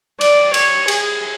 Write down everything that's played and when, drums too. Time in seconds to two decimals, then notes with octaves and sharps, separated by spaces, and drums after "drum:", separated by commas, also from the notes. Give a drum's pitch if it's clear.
0.21 D5, drum: cymbal
0.54 C#5, drum: cymbal
0.88 G#4, drum: cymbal